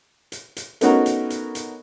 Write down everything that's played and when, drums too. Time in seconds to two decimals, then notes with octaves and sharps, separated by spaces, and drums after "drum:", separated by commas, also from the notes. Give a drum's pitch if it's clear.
0.32 drum: hi-hat
0.56 drum: hi-hat
0.81 A3 B3 C#4 D#4 F#4 A#4, drum: hi-hat
1.06 drum: hi-hat
1.30 drum: hi-hat
1.55 drum: hi-hat